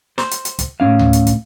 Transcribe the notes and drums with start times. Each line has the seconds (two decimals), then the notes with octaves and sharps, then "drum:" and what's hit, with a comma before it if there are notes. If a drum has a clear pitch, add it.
0.18 C5, drum: snare
0.31 drum: hi-hat
0.45 drum: hi-hat
0.59 drum: kick, hi-hat
0.80 A2 C#4 F5
0.99 drum: tom D2
1.13 drum: hi-hat
1.27 drum: kick, hi-hat